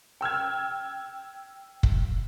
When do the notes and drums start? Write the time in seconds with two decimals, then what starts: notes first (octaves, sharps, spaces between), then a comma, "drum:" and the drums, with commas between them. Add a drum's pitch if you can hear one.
0.21 G5 E6 F6 G#6
1.83 drum: kick